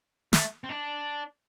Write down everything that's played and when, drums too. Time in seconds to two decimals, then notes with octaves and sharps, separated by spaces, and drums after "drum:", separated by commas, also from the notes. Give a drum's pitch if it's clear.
0.33 A3, drum: snare
0.64 C4
0.69 D4